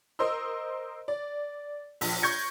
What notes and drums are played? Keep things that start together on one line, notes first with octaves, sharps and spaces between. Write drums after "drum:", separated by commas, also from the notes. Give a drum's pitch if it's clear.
A#4 C5 D#5 C6 E6
D5
A#1, drum: open hi-hat
C#6 G6 G#6 A#6 C#7